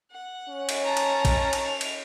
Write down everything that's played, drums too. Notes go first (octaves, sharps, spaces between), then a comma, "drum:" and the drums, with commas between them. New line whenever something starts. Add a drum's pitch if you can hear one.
F#5
C#4
drum: cymbal
A5 A#5
drum: cymbal
drum: kick A#1, cymbal
drum: cymbal
F7
drum: cymbal